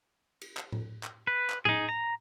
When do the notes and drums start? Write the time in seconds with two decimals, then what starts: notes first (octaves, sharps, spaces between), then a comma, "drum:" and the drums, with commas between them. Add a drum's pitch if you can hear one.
0.41 drum: cymbal
0.57 drum: clap
0.72 drum: tom A2
1.03 drum: clap
1.27 B4
1.50 drum: clap
1.65 D#4 G#4, drum: tom A2
1.89 A#5